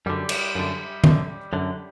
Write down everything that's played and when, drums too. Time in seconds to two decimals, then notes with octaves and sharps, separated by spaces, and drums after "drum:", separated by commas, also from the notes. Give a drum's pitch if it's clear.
0.06 F#2 D3 G3
0.29 drum: cymbal
0.55 F#2 D3
1.04 F#2 D3, drum: tom
1.53 F#2 D3